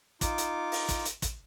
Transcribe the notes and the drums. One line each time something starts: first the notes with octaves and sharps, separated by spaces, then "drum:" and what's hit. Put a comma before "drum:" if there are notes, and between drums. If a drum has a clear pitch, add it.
D#4 F4 D6, drum: kick, hi-hat
drum: hi-hat
drum: open hi-hat
drum: kick, hi-hat
drum: hi-hat
drum: kick, hi-hat